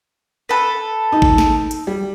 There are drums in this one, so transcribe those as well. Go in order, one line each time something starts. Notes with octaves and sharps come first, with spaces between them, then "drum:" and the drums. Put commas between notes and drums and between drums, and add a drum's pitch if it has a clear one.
A4 B4
D#4
drum: kick G#1
drum: snare
drum: hi-hat
G3